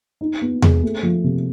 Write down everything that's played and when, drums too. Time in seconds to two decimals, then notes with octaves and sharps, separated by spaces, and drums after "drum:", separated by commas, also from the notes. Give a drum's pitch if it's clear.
0.21 D#4
0.42 B3
0.62 G#4, drum: tom E2
0.83 A3
1.03 F3
1.24 C3